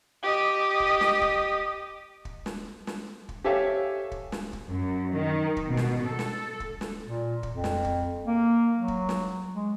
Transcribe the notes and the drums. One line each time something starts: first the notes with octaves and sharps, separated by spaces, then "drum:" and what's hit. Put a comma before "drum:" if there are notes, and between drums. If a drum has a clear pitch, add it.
G4 D#5
drum: kick
drum: snare
drum: kick
drum: kick
drum: snare
drum: snare
drum: kick
G4 A4 C#5 E5 F5 G#5
drum: kick
drum: snare
drum: kick
F#2
D#3
drum: kick
B2
drum: snare
A4
drum: snare
drum: kick
drum: snare
A#2
drum: kick
F2
drum: snare
drum: kick
A#3
F#3
drum: kick
drum: snare
G#3